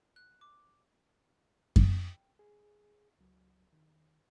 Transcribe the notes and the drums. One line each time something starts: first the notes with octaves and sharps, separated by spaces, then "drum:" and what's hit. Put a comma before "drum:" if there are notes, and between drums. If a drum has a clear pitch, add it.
F#6
D6
G5, drum: kick F#2
G#4
C#2 F#3
D#3